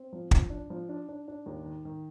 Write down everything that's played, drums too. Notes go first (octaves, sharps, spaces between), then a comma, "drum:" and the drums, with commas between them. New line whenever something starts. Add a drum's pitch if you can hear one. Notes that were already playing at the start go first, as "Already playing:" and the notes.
Already playing: C4
F3
F3, drum: kick
D4
F3
D4
D4
D4
D#2
D#3
D#3